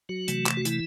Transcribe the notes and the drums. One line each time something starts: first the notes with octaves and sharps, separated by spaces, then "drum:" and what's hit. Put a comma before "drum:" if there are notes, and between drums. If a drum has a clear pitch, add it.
F#3 F#4
C3 E3 A3, drum: hi-hat
drum: clap
F#4
E3 E4, drum: hi-hat